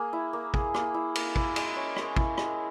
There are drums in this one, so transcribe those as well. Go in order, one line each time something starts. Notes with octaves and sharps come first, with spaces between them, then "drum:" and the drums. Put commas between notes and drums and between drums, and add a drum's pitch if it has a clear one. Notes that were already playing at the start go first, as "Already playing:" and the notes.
Already playing: A#3 G#4
E4
A#3
G#4, drum: kick
A#3, drum: rim click
E4
A#3, drum: cymbal
E4, drum: kick
G#3, drum: cymbal
C#4
G#3, drum: rim click
E4, drum: kick
G#3, drum: rim click